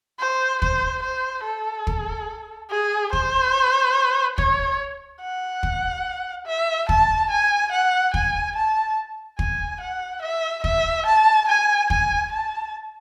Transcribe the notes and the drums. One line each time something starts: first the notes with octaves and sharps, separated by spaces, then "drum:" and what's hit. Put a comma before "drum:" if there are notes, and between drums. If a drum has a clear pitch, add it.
C5
C5, drum: kick
C5
A4
drum: kick
G#4
C5, drum: kick
C#5, drum: kick
F#5
drum: kick
E5
A5, drum: kick
G#5
F#5
G#5, drum: kick
A5
G#5, drum: kick
F#5
E5
E5, drum: kick
A5
G#5
G#5, drum: kick
A5